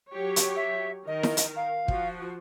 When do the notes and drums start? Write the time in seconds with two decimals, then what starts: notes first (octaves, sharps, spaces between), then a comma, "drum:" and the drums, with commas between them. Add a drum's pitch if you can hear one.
0.11 F#3 G4 C#5
0.36 drum: hi-hat
0.56 E5
1.07 D#3 A#4 D#5
1.23 drum: snare E4
1.37 drum: hi-hat
1.56 F5
1.88 F3 F#4, drum: kick